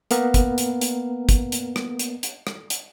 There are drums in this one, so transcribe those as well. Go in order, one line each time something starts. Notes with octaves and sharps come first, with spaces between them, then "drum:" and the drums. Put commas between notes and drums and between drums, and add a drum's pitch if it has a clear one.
A#3 B3 A#4, drum: hi-hat
drum: kick, hi-hat
drum: hi-hat
drum: hi-hat
drum: kick, hi-hat
drum: hi-hat
drum: rim click
drum: hi-hat
drum: hi-hat
drum: rim click
drum: hi-hat